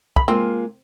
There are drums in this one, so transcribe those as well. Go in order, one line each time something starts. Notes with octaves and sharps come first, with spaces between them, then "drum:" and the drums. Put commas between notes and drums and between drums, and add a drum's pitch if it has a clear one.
B5, drum: kick
G#3 A#3 C4 F4